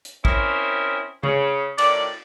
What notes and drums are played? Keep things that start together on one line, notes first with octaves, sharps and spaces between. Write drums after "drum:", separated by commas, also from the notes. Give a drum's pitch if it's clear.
drum: hi-hat
C4 C#4 E4 A#4 D#5, drum: kick
C#3, drum: tom C#3
A2 D#3 D5, drum: cymbal